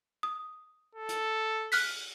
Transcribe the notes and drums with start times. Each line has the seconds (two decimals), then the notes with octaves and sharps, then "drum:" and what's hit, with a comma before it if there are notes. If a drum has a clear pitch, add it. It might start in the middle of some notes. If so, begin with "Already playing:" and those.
0.23 D#6
0.95 A4
1.09 drum: hi-hat
1.72 F6 F#6 B6, drum: open hi-hat